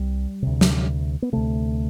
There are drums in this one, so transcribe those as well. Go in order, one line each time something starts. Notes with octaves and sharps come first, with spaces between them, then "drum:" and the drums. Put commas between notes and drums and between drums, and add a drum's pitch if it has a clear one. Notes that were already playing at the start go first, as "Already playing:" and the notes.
Already playing: C2 G3
D2 C3
drum: snare
B3
D2 C3 A3